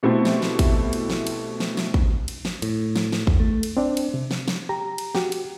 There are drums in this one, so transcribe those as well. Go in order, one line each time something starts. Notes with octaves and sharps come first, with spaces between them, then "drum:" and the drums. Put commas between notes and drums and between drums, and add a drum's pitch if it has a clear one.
B2 A3 C4 E4 G4 A4
drum: snare
drum: snare
drum: kick, cymbal
drum: cymbal
drum: snare
drum: cymbal
drum: snare
drum: snare
drum: kick
drum: cymbal
drum: snare
A2, drum: cymbal
drum: snare
drum: snare
E2, drum: kick
A3
drum: cymbal
C4 D4 D5
drum: cymbal
C3
drum: snare
drum: snare
G4 A#5
drum: cymbal
F#4 G4, drum: snare
drum: cymbal